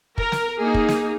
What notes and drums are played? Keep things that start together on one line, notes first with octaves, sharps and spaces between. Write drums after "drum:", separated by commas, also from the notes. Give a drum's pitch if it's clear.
A#4, drum: kick
drum: snare
A#3 D#4 G#4
drum: kick
drum: snare